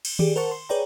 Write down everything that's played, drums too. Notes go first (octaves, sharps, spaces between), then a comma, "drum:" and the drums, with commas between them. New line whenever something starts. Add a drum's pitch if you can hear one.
drum: cymbal
G4 G#4 D5, drum: tom D#3
A#4 C5 F#5 A5 C#6
C6
G#4 B4 C#5 D5 G5 A#5